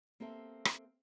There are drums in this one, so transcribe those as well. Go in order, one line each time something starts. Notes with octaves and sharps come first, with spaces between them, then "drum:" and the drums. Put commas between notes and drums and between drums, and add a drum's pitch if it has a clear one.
A#3 C4 G4 A4 E5
drum: rim click